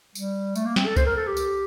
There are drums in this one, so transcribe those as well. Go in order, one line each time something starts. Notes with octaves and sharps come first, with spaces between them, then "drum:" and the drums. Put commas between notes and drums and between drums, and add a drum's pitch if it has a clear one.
G3, drum: tambourine
A3, drum: tambourine
A#3
C4, drum: snare
A4
C5, drum: kick C2, tambourine
A#4
A4
G4
drum: tambourine